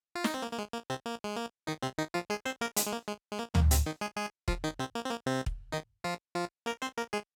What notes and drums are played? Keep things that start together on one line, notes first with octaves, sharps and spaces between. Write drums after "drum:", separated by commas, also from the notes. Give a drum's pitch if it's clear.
F4
D#4, drum: snare
C4
A#3
A#3
G#3
A#3
C3 C4
A#3
G#3
A#3
D#3 D#4
C3 C4
D#3 D#4
F3 F4
G#3 G#4
C4 C5
A#3 A#4
G#3, drum: hi-hat
G#3
A#3
G#3
G#3
A#3
A#3, drum: tom
C3 C4, drum: hi-hat
D#3 D#4
G#3 G#4
G#3 G#4
F3 F4, drum: kick
D#3 D#4
C3 C4
A#3
C4
A#3
C3 C4
drum: kick
D#3 D#4
F3 F4
F3 F4
A#3 A#4
C4 C5
A#3 A#4
G#3 G#4